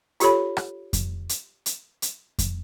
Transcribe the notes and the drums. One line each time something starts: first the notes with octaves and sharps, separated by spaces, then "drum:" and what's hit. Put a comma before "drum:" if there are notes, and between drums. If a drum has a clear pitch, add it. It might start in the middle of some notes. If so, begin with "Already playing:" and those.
F4 G4 A4 C#5 B5, drum: hi-hat
drum: rim click
drum: kick F2, hi-hat
drum: hi-hat
drum: hi-hat
drum: hi-hat
drum: kick F2, hi-hat